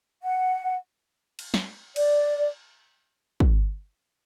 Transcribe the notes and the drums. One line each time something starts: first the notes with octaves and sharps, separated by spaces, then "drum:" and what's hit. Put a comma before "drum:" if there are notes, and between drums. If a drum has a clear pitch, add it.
F#5
drum: cymbal
drum: snare
D5, drum: cymbal
drum: kick